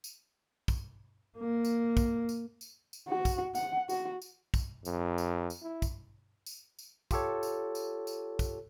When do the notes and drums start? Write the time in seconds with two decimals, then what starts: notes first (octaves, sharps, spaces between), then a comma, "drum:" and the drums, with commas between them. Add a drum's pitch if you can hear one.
0.04 drum: tambourine
0.68 drum: kick, tambourine
1.38 A#3
1.65 drum: tambourine
1.97 drum: kick, tambourine
2.29 drum: tambourine
2.61 drum: tambourine
2.93 drum: tambourine
3.08 F#4
3.25 drum: kick, tambourine
3.55 F#5, drum: tambourine
3.89 F#4, drum: tambourine
4.22 drum: tambourine
4.54 drum: kick, tambourine
4.85 F2, drum: tambourine
5.18 drum: tambourine
5.50 drum: tambourine
5.63 E4
5.82 drum: kick, tambourine
6.46 drum: tambourine
6.79 drum: tambourine
7.11 F4 G4 A4 C#5, drum: kick, tambourine
7.43 drum: tambourine
7.75 drum: tambourine
8.07 drum: tambourine
8.39 drum: kick, tambourine